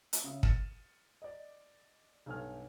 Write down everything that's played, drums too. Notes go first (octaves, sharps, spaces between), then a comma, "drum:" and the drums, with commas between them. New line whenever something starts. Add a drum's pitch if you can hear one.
drum: hi-hat
C#3 E5 D#6
F6 A6 C#7 D#7 E7, drum: kick
D5 D#5
B1 G2 A4 C#5 G#5 F6